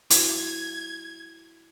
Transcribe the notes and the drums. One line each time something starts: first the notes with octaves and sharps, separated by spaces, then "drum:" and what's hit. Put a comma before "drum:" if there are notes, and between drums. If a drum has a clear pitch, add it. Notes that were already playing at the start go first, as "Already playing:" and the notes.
E4 F#4 G#6, drum: hi-hat